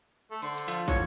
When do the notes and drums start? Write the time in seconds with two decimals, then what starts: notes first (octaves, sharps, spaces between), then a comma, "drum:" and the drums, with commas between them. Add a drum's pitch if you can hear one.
0.31 A3
0.42 D3 C5, drum: hi-hat
0.58 drum: hi-hat
0.68 F3 F4 A4
0.88 D3 E3 F3 C#5, drum: kick, hi-hat